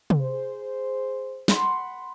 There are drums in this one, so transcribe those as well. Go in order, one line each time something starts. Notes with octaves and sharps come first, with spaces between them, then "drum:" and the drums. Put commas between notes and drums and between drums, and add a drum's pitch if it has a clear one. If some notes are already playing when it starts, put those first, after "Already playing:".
drum: tom C3
G#4 C5
F#5 B5 C6, drum: snare